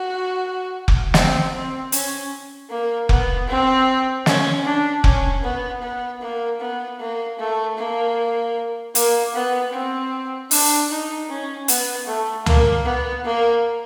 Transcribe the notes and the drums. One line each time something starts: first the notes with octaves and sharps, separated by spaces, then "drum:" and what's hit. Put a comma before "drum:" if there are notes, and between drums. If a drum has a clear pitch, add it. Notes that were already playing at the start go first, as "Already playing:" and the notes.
Already playing: F#4
drum: kick F1
C4, drum: snare
C4
C#4, drum: hi-hat
A#3
B3, drum: kick F1
C4
C#4, drum: snare
D4
C#4, drum: kick F1
B3
B3
A#3
B3
A#3
A3
A#3
A#3, drum: hi-hat
B3
C4
D4, drum: open hi-hat
D#4
C#4
B3, drum: hi-hat
A3
A#3, drum: tom
B3
A#3